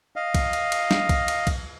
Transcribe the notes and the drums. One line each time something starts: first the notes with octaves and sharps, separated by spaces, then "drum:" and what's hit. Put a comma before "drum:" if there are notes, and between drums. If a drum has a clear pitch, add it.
D#5 F5
drum: kick B1, cymbal
drum: cymbal
drum: cymbal
drum: snare
drum: kick B1, cymbal
drum: cymbal
drum: kick B1, cymbal